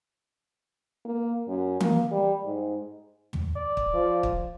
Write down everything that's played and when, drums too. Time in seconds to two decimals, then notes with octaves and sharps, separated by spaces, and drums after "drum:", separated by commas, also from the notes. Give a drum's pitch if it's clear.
1.05 A#3
1.48 F#2
1.80 A#3, drum: tom E3
2.11 G3
2.45 G#2
3.33 drum: tom
3.56 D5
3.77 drum: kick
3.94 F3
4.23 drum: kick